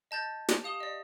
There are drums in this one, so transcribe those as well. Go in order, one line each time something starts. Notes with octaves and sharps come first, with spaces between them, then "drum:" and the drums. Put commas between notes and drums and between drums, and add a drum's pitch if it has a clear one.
D#5 A5 G6 A6
drum: snare
G4 F5 D#6 E7 G7
D5 D#5